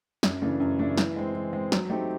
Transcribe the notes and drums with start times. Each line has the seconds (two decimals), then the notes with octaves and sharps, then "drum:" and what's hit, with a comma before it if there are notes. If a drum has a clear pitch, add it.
0.23 F#2, drum: snare
0.42 C#3 E3 A3 D4
0.60 F#2
0.79 C#3 E3 A3 D4
0.98 E3, drum: snare
1.16 G#3 C4
1.35 E3
1.53 G#3 C4
1.72 F#3, drum: snare
1.90 A3 C4 D#4 G4